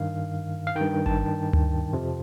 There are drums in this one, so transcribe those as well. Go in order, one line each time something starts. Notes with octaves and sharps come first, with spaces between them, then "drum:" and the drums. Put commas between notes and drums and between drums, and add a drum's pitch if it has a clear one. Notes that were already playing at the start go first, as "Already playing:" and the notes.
Already playing: G2 D#3 F5
F5
G2 D#3 G5
A5, drum: kick G#1
drum: tom D2
F2 C3 F3